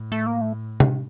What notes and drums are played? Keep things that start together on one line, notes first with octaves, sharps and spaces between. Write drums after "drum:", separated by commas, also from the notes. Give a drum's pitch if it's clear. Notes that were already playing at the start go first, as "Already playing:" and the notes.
Already playing: A2
A3
A#3
A3
drum: tom C3